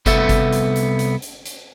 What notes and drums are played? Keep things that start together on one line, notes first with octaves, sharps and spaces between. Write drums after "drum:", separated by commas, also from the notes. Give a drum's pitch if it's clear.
C2 B3 A4 E5, drum: kick G1, hi-hat
drum: kick G1, hi-hat
drum: hi-hat
drum: hi-hat
drum: hi-hat
drum: hi-hat
drum: hi-hat